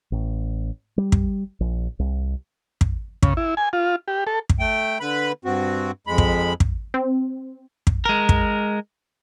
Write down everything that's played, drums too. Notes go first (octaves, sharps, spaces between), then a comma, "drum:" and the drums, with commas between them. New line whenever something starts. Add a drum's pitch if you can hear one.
A1
G3
drum: kick
A#1
C2
drum: kick
C#3, drum: kick
E4
G#5
F4
G4
A4
drum: kick
A3 G5
D3 B4 B5
G2 C4 F#4
F2 G#3 B5
drum: kick
drum: kick
C4
drum: kick
G#3 A#4
drum: kick